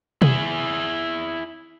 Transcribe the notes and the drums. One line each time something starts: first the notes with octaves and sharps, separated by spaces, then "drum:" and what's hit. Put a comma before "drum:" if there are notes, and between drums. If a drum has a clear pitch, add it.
E4 G#4, drum: tom B2